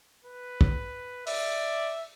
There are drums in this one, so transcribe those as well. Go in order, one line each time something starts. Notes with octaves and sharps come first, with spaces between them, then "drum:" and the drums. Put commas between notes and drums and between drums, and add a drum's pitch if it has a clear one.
B4
drum: kick
D5 E5, drum: open hi-hat